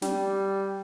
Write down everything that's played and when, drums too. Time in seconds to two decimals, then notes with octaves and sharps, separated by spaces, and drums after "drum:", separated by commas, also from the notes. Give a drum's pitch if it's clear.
0.02 G3, drum: snare